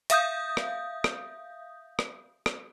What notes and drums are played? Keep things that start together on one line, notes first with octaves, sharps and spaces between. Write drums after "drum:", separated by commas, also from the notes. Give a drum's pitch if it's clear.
E5 F5 D#6 G6, drum: hi-hat
drum: rim click
drum: rim click
drum: rim click
drum: rim click